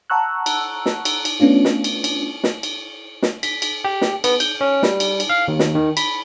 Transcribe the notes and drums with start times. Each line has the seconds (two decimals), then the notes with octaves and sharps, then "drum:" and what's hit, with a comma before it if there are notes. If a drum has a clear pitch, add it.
0.10 F#5 A5 A#5 C#6 E6 F#6
0.46 drum: cymbal
0.86 drum: snare
1.05 drum: cymbal
1.25 drum: cymbal
1.40 A3 B3 C#4 D4 F4
1.65 drum: snare
1.84 drum: cymbal
2.04 drum: cymbal
2.44 drum: snare
2.63 drum: cymbal
3.22 drum: snare
3.43 B6, drum: cymbal
3.62 drum: cymbal
3.84 G4
4.01 drum: snare
4.24 B3, drum: cymbal
4.40 G6, drum: cymbal
4.61 C#4
4.83 G3, drum: snare
5.00 drum: cymbal
5.20 drum: cymbal
5.30 F5
5.48 D#2
5.59 drum: snare
5.75 D#3
5.97 B5, drum: cymbal